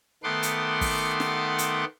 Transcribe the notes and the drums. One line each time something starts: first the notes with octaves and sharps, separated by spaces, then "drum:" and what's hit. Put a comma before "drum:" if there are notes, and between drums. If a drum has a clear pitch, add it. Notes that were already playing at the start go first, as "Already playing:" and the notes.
D#3 A3 B3 F#5 C6 D6
drum: hi-hat
drum: kick, open hi-hat
drum: snare
drum: hi-hat